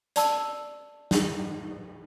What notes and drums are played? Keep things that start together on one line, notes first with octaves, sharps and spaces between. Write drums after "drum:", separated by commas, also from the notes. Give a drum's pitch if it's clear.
D5 A5 E6, drum: hi-hat
drum: snare